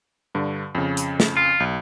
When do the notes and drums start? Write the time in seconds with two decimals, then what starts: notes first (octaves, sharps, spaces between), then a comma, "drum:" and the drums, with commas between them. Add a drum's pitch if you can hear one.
0.35 G2 D3
0.75 F2 C#3
0.97 drum: hi-hat
1.20 drum: snare
1.37 F4
1.60 B1